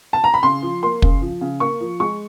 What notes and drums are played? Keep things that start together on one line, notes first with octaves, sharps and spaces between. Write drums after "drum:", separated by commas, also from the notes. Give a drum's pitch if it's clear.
A5
A#5
B5
C#3 C6
F3
A#3 C6
C#3, drum: kick
F3
C#3
A#3 C#6
F3
G#3 C#6